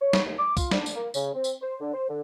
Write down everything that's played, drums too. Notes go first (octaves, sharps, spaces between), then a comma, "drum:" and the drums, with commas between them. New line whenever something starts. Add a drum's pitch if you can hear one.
C#5
drum: snare
D#2
D6
F4, drum: kick C2, tambourine
D4, drum: snare
drum: tambourine
A#3
C#3, drum: tambourine
C4
drum: tambourine
C5
D3
C5
D3